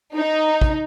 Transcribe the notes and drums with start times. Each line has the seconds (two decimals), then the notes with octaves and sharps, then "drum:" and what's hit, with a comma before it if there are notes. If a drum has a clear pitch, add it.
0.16 D#4
0.61 drum: kick